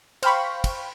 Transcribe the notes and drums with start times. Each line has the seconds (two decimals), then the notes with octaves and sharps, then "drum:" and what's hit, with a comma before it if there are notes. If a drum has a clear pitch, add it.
0.23 C5 F5 G5 B5 C#6, drum: cymbal
0.64 drum: kick, cymbal